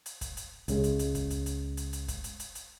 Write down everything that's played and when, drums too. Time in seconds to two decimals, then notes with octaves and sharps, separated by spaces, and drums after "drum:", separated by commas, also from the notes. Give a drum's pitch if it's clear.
0.06 drum: hi-hat
0.21 drum: kick, hi-hat
0.37 drum: hi-hat
0.68 C#2 C#3 G#3, drum: hi-hat
0.84 drum: hi-hat
0.99 drum: hi-hat
1.15 drum: kick, hi-hat
1.30 drum: hi-hat
1.46 drum: hi-hat
1.77 drum: hi-hat
1.93 drum: hi-hat
2.08 drum: kick, hi-hat
2.24 drum: hi-hat
2.40 drum: hi-hat
2.55 drum: hi-hat